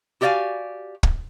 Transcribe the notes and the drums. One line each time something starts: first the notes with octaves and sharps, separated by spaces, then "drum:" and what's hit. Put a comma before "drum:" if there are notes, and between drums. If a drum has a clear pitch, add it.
F#4 G4 D5 D#5 F5 G#5
drum: kick